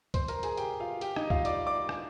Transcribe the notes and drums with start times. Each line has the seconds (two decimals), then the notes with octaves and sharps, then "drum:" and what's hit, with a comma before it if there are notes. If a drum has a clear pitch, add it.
0.14 C5 C6, drum: kick C2, hi-hat
0.28 A#4 A#5, drum: hi-hat
0.43 G#4 G#5, drum: hi-hat
0.58 G4 G5, drum: hi-hat
0.80 F4 F5
1.01 G4 G5, drum: hi-hat
1.16 D#4 D#5, drum: rim click
1.30 F4 F5, drum: kick C2
1.45 D5 D6, drum: hi-hat
1.67 D5 D6
1.89 drum: rim click